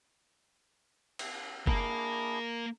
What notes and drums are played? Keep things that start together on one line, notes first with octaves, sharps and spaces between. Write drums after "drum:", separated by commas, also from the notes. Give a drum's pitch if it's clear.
drum: cymbal
A#3 D4 E4 G#4 A#4, drum: kick F#1